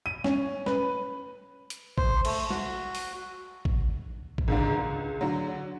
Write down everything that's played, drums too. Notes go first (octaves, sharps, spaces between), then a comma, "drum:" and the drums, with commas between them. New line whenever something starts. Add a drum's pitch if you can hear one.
D#7
C#4, drum: snare
B4, drum: snare
drum: hi-hat
C5, drum: kick
A3, drum: cymbal
F#4, drum: snare
drum: open hi-hat
drum: kick
drum: kick
C#2 G#2 D3
C#2
D3 F#3